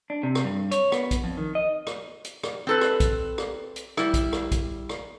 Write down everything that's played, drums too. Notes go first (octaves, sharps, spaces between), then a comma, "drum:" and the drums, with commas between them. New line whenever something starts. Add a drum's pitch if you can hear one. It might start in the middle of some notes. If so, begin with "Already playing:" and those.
D4
C3
drum: rim click
G2
C#5, drum: hi-hat
B3, drum: rim click
drum: kick A#1, hi-hat
F2
D#3
D#5
drum: rim click
drum: hi-hat
drum: rim click
C4 A4 B4
drum: rim click
drum: kick A#1, hi-hat
drum: rim click
drum: hi-hat
G3 E4, drum: rim click
drum: kick A#1, hi-hat
drum: rim click
drum: kick A#1, hi-hat
drum: rim click